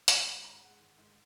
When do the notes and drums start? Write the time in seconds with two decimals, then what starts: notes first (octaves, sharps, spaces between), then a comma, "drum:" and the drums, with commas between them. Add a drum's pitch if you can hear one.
0.08 D#3 A#5, drum: hi-hat
0.25 G#2 B5
0.44 G#2 A#5
0.61 G#3 F#5
0.79 D#3
0.98 G#2